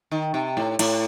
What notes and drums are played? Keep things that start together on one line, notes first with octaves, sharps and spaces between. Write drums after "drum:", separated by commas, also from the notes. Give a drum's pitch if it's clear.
D#3
C3
A2
A2, drum: cymbal